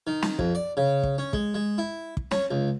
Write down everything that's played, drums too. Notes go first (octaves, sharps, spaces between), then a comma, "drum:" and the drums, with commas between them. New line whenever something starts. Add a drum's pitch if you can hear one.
D#3
drum: snare
F2, drum: kick
D5
C#3
drum: kick
C#4
G#3, drum: kick
G#3
E4
drum: kick
C#4, drum: snare
C#2